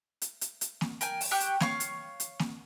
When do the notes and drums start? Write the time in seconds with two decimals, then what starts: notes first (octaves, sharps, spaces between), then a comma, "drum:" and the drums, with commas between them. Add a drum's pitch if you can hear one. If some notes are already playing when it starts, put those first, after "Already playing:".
0.22 drum: hi-hat
0.41 drum: hi-hat
0.61 drum: hi-hat
0.81 drum: snare A#3
1.01 A#4 G5 G#5, drum: hi-hat
1.21 drum: open hi-hat
1.31 G4 G5 C#6 F#6
1.40 drum: hi-hat
1.60 C#5 F5 C#6, drum: snare A#3
1.80 drum: hi-hat
2.20 drum: hi-hat
2.39 drum: snare A#3